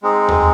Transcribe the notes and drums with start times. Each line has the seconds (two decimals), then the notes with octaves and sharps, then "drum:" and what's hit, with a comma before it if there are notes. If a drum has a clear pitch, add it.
0.03 G#3 C4 D#4 G#4
0.28 drum: tom D#2